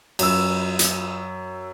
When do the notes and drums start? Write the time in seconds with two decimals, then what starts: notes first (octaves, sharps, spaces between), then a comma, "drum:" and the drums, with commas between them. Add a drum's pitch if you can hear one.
0.19 F#2 E6, drum: cymbal
0.79 drum: hi-hat